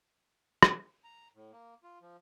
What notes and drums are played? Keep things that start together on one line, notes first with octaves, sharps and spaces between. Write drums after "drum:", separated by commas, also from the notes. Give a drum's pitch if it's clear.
drum: rim click
A#5
A2
A#3
F4
F3